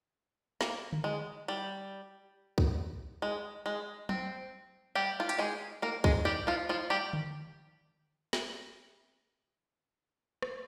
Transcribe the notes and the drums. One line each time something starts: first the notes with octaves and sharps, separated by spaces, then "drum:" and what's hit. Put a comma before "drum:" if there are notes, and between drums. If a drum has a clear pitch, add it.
A#3, drum: snare
drum: tom D3
G#3
G3
drum: kick C2
G#3
G#3
C4, drum: tom
G3 G4
F4
G4, drum: hi-hat
G#3 G#4
A#3 A#4
G#3 G#4, drum: kick C2
G3 G4
F3 F4
F3 F4
G3 G4
drum: tom D3
drum: snare
drum: rim click